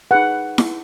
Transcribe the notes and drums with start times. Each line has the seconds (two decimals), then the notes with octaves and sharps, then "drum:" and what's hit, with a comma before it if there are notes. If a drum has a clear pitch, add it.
0.11 D#4 G#4 B4 F#5
0.58 drum: snare E4